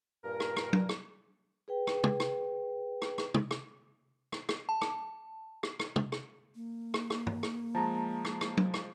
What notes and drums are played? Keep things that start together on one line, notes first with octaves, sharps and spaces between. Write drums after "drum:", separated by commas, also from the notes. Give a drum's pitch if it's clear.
G2 A#2 A#4
drum: rim click
drum: rim click
drum: tom F#3
drum: rim click
G#4 B4 G5
drum: rim click
drum: tom
drum: rim click
drum: rim click
drum: rim click
drum: tom
drum: rim click
drum: rim click
drum: rim click
A5
drum: rim click
drum: rim click
drum: rim click
drum: tom
drum: rim click
A#3
drum: rim click
drum: rim click
drum: tom G2
drum: rim click
F3 G#3 A5 A#5
drum: rim click
drum: rim click
drum: tom F#3
drum: rim click